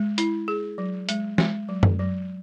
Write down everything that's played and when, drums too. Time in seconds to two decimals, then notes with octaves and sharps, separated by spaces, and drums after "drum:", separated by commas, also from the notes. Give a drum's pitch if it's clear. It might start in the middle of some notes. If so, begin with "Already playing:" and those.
Already playing: G#3
0.18 E4, drum: hi-hat
0.48 G#4
0.78 F#3
1.09 G#3, drum: hi-hat
1.38 G#3, drum: snare
1.69 F#3
1.83 drum: tom F#2
1.99 F#3